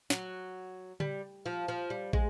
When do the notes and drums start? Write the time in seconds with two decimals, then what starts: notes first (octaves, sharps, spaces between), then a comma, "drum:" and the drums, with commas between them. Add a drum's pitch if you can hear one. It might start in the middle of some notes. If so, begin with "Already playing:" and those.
0.10 F#3, drum: snare
1.00 G3, drum: tom C#3
1.46 F3
1.68 F3
1.90 G3
2.13 G#3, drum: kick